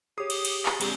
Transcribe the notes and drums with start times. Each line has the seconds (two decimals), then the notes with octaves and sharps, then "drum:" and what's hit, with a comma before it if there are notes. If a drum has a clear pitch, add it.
0.18 G4 G#4 C#5 D6 D#6 C7
0.30 drum: cymbal
0.45 drum: cymbal
0.66 drum: clap
0.81 G#3 C4 D4 G4 G#4, drum: cymbal